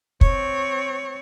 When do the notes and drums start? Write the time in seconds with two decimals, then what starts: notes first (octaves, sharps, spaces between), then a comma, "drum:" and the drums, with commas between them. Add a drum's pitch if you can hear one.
0.21 C4 C#5, drum: kick